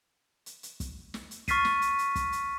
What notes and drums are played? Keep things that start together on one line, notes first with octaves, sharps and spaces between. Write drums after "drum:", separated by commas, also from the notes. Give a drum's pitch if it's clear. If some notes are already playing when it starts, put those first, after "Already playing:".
drum: hi-hat
drum: hi-hat
drum: kick, hi-hat
drum: snare
drum: hi-hat
C#6 F6 A6 B6 C7 D#7, drum: kick, hi-hat
drum: snare
drum: hi-hat
drum: hi-hat
drum: kick, hi-hat
drum: hi-hat